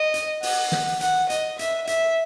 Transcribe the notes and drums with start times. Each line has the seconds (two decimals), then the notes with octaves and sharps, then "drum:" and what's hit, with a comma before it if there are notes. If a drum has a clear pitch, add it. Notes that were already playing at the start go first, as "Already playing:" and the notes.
Already playing: D#5
0.14 drum: hi-hat
0.43 F#5, drum: open hi-hat
0.72 drum: snare
1.01 F#5, drum: hi-hat
1.30 D#5, drum: hi-hat
1.59 E5, drum: hi-hat
1.87 E5, drum: hi-hat